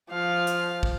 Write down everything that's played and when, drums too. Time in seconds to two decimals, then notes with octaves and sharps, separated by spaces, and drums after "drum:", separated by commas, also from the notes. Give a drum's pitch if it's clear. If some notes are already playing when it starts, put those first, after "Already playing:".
0.11 F3 F5
0.47 drum: hi-hat
0.83 drum: kick